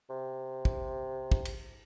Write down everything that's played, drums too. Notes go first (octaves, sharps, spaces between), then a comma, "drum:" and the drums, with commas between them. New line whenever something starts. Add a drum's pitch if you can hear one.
C3
drum: kick
drum: kick
drum: cymbal